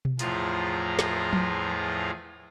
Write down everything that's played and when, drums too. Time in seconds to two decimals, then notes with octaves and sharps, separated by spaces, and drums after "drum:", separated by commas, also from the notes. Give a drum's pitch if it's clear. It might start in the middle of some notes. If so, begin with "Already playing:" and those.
0.05 drum: tom B2
0.19 E2 A2 F3 F4 G#4 A#5, drum: hi-hat
0.99 drum: snare
1.33 drum: tom F3